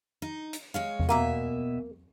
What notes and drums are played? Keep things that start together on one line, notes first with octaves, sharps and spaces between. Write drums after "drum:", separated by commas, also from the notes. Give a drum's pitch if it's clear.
D#4
drum: hi-hat
G#3 C#5 F5
drum: tom E2
B2 A#3 E5 G#5